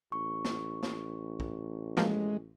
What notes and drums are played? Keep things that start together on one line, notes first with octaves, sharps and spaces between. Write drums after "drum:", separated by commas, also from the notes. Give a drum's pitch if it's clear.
A1 C#6
drum: snare
drum: snare
drum: kick
B2 F3 G#3 A#3, drum: snare